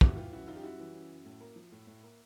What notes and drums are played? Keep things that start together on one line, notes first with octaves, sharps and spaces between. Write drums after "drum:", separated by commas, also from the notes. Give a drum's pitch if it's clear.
G3 E4 F#4, drum: kick
E3 F4 G4
C#3 E4 F#4
F#2 D#4 F4
G4
G3 E4 F#4
E3
C#3
F#2
A2
A#3
F3
A2
A2
A#3